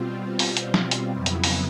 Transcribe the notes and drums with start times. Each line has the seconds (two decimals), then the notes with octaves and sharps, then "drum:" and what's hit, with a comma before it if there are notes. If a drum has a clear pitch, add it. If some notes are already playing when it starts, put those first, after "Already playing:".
Already playing: B2 G3 C4 F4
0.39 drum: open hi-hat
0.57 drum: hi-hat
0.74 drum: snare
0.91 drum: hi-hat
1.09 F2 C#3 F#3 B3 E4
1.26 drum: hi-hat
1.44 drum: open hi-hat